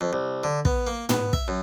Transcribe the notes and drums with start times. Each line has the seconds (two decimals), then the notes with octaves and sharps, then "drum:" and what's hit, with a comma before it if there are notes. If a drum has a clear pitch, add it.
0.01 F2
0.13 C2
0.44 D3
0.65 B3, drum: kick
0.87 A#3
1.09 B3, drum: tom
1.33 E5, drum: kick
1.48 F#2